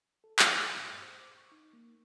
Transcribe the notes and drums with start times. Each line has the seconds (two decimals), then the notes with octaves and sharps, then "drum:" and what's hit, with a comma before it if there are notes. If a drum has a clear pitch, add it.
0.24 A4
0.39 G4, drum: clap
0.62 D#6
0.77 A#2
0.90 G2
1.02 C5
1.19 D6
1.38 C#6
1.52 D#4
1.73 A#3